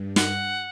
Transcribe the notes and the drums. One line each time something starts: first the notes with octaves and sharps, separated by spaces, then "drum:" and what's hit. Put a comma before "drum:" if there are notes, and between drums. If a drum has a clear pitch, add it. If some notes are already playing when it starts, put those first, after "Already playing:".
Already playing: G2
F#5, drum: snare